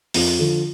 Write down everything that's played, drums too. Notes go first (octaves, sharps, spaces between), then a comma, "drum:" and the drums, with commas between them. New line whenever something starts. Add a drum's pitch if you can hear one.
F2 F4, drum: open hi-hat
D3 F3